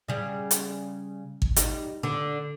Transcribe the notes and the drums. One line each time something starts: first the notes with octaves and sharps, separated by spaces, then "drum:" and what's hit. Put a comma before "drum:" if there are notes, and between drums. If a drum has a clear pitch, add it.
C#3 G3
drum: hi-hat
drum: kick
G3 D#4, drum: hi-hat
D3